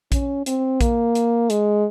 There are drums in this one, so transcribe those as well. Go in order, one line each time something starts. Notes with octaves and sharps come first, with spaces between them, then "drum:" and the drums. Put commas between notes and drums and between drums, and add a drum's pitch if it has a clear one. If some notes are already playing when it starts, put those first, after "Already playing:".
C#4, drum: kick A#1, hi-hat
C4, drum: hi-hat
A#3, drum: kick A#1, hi-hat
drum: hi-hat
G#3, drum: hi-hat